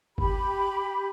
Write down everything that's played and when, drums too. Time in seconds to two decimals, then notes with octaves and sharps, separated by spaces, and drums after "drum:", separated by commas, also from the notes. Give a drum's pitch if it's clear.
0.18 G4 B5, drum: kick F#1